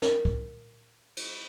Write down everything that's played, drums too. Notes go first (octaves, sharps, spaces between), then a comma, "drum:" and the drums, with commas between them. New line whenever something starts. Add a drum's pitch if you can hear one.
A#4, drum: snare
drum: kick C2
drum: cymbal